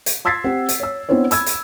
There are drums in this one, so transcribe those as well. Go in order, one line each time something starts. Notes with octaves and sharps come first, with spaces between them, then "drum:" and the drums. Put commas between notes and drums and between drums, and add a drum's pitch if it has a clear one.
drum: hi-hat
C6 E6 G#6 A6 B6 C7
C4 G4 C5 F#5
drum: hi-hat
C#5 E6
B3 C4 D4 E4 C5 C#5
B5 E6 G#6, drum: hi-hat
drum: hi-hat